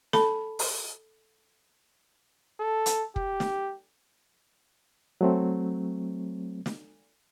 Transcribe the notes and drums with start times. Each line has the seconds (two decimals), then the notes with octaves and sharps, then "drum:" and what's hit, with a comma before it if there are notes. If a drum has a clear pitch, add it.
0.13 A4 A5 B5, drum: snare
0.59 drum: open hi-hat
2.60 A4
2.86 drum: hi-hat
3.16 G4, drum: kick
3.40 drum: snare
5.21 F#3 A3 C4
6.66 drum: snare